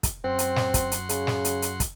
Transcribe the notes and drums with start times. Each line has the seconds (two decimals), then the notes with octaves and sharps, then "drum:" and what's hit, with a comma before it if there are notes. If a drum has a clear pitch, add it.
0.03 drum: kick, hi-hat
0.24 F#2 C4 F#5 C6
0.39 drum: hi-hat
0.56 drum: snare
0.74 drum: kick, hi-hat
0.92 drum: hi-hat
1.09 C#3, drum: hi-hat
1.27 drum: snare
1.45 drum: hi-hat
1.62 drum: hi-hat
1.80 drum: kick, hi-hat